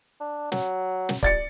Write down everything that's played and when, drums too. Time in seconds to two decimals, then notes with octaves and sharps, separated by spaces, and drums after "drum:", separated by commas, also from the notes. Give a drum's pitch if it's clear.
0.21 D4
0.52 F#3, drum: snare
1.09 drum: snare
1.23 D5 A6 C#7, drum: kick